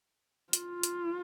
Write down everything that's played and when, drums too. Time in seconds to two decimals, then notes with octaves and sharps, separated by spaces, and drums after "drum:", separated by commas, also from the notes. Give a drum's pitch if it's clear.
0.53 F4, drum: hi-hat
0.83 drum: hi-hat